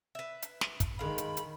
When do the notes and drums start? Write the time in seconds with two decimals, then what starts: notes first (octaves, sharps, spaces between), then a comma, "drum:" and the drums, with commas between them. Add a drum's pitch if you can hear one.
0.15 B4 E5
0.42 drum: hi-hat
0.61 drum: snare
0.80 drum: kick, hi-hat
0.99 D#3 G#3 F5 B5
1.18 drum: hi-hat
1.37 drum: hi-hat